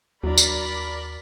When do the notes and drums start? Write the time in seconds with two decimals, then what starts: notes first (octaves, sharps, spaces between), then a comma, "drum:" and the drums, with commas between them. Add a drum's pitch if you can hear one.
0.23 D#2 F#3 D4 A#4 D5 B5
0.38 drum: tambourine